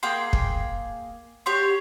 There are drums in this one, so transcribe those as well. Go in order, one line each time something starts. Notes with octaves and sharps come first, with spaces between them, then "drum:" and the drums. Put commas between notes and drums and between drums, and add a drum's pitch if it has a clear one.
A#3 G#4 G5 C6
drum: kick
G4 C#5 C6